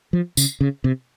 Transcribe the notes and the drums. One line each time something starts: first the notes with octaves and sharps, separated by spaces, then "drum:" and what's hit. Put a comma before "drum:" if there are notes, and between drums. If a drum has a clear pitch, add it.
F3
C#3, drum: tambourine
C#3
C3